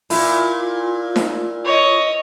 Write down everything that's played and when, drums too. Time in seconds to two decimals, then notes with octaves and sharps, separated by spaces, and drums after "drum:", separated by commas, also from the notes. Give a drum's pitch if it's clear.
0.10 A#2 E4 F4, drum: open hi-hat
1.16 drum: snare D#4
1.65 C#5 D#5